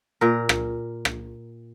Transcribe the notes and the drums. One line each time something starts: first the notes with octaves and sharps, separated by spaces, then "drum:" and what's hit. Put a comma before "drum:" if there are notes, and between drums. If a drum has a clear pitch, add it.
A#2 A#4
drum: rim click
drum: rim click